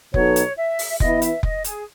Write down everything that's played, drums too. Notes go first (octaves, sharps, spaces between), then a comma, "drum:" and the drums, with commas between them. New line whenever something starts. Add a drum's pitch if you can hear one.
B2 F#3 B3 D#4 A4 C#5, drum: kick F1
drum: hi-hat
E5
drum: open hi-hat
E3 B3 E4 B4 D#5, drum: kick F1
E5, drum: hi-hat
D#5, drum: kick F1
G#4, drum: hi-hat